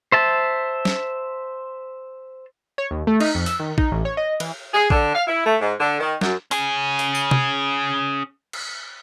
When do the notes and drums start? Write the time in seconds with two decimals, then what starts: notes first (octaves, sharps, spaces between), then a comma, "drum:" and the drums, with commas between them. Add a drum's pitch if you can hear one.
0.12 C5 E5 A5
0.85 drum: snare
2.78 C#5
2.91 D#2
3.07 A3
3.20 D#4, drum: cymbal
3.35 F2
3.46 E6, drum: open hi-hat
3.60 D#3
3.78 D#4, drum: kick
3.91 A1
4.05 C#5
4.17 D#5
4.40 E3, drum: cymbal
4.73 G#4
4.90 D3, drum: kick
5.14 F5
5.27 E4
5.46 A3
5.60 G#2
5.79 D3
6.00 D#3
6.21 F#2, drum: snare
6.51 C#4 G#4, drum: open hi-hat
6.99 drum: open hi-hat
7.15 drum: tambourine
7.31 drum: tom C3
8.53 drum: cymbal